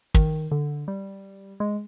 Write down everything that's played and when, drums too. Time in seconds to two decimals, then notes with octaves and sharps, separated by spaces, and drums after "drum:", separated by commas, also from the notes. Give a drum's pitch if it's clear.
0.14 D#3, drum: kick
0.52 D3
0.88 G3
1.60 G#3